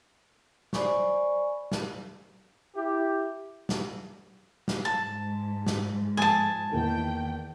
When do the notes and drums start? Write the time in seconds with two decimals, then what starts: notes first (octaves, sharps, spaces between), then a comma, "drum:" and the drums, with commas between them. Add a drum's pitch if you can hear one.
0.73 C5 D5 G#5 B5 C#6, drum: snare
1.72 drum: snare
2.76 E4 G4
3.69 drum: snare
4.68 drum: snare
4.85 G#2 A5
5.67 drum: snare
6.17 F3 G#5 A5 D#6 A6
6.72 E2 D#3 A#3 E4 G5